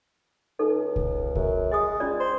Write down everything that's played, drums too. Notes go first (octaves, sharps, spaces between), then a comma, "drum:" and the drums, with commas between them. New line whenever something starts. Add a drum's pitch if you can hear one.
C#2 D#4 A4
drum: kick C2
F#2, drum: kick C2
G#3 D#5 D#6
C#4 F4 D5
C5